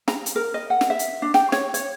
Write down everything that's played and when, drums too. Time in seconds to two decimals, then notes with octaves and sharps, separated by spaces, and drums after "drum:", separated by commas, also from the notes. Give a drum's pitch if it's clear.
0.08 A#5, drum: snare
0.26 drum: hi-hat
0.36 A#4
0.54 D#5
0.70 F#5
0.81 drum: snare
0.90 E5
0.99 drum: hi-hat
1.22 D4
1.34 G5, drum: snare
1.52 C#5, drum: snare
1.74 C#5, drum: hi-hat